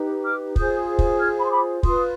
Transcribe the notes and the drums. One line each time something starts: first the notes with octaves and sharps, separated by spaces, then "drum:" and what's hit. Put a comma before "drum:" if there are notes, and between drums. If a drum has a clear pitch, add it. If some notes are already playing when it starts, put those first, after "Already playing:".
Already playing: D#4 G4 B4
D6 F6
F4 G#4 C5 D#6 G6, drum: kick
drum: kick
F6 G#6
B5
C6
B5 D6
F4 B4 C6 D#6, drum: kick